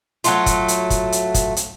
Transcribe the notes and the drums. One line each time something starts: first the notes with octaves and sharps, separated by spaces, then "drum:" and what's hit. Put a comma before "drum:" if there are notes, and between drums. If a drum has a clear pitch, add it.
F#3 A3 F4, drum: hi-hat
drum: kick, hi-hat
drum: hi-hat
drum: kick, hi-hat
drum: hi-hat
drum: kick, hi-hat
drum: hi-hat